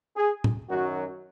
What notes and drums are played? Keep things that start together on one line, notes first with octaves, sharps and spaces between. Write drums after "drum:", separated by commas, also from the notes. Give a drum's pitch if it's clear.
G#4
drum: tom
F#2 D#3 F#3 F#4